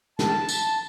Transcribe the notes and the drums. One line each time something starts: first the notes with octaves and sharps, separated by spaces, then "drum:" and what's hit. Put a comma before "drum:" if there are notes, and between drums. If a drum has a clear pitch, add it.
A5, drum: snare
drum: tambourine